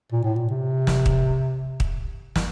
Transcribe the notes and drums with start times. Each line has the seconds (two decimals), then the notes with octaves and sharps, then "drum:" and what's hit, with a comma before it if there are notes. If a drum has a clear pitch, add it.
0.12 A#2
0.24 A2
0.36 A#2
0.50 C3
0.87 drum: snare
1.06 drum: kick
1.80 drum: kick
2.36 drum: snare